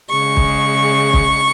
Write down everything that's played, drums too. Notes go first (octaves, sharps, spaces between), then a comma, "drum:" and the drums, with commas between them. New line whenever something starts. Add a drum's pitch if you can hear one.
C#3 G#3 C#6
drum: kick
drum: kick